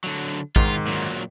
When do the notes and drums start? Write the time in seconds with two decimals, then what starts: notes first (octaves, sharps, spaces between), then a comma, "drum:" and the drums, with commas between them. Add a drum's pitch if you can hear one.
0.04 D3 F#3
0.56 G#2 D#3 F4, drum: kick
0.87 A#2 F#3